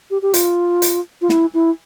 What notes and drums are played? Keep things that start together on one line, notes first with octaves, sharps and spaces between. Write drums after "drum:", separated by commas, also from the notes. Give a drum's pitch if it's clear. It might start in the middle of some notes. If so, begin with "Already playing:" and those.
G4
G4
F4, drum: hi-hat
drum: hi-hat
F4
E4, drum: snare
E4